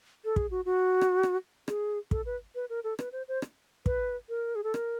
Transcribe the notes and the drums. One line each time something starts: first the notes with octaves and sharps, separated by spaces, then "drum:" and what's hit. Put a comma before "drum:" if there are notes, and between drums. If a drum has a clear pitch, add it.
A4
G#4, drum: kick
F#4
F#4
drum: rim click
drum: rim click
G#4, drum: rim click
A4, drum: kick
B4
B4
A#4
A4
B4, drum: rim click
C5
C5
drum: rim click
B4, drum: kick
A#4
G#4
A4
A#4, drum: rim click